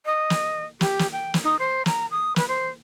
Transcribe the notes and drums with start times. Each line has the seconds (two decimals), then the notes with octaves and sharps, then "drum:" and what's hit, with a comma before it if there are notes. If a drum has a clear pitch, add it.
0.06 D#5
0.30 drum: snare
0.81 G4, drum: snare
0.99 drum: snare
1.12 G5
1.34 drum: snare
1.44 D#4
1.59 C5
1.86 A#5, drum: snare
2.11 D#6
2.36 B4, drum: snare
2.48 C5